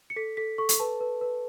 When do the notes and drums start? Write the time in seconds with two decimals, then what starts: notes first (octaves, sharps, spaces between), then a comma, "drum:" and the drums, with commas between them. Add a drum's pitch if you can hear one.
0.10 C#7
0.16 A4 B6
0.37 A4 B6
0.58 A4 C#6
0.69 drum: hi-hat
0.80 B4 A5
1.01 B4
1.21 B4